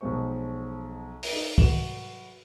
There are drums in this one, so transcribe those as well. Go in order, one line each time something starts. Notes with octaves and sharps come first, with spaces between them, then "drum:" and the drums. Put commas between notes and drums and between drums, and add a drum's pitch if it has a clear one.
B1 B2 F3 G#3 C5 C#6
drum: open hi-hat
D#4
F#3 F#4 B4 E7 F#7, drum: kick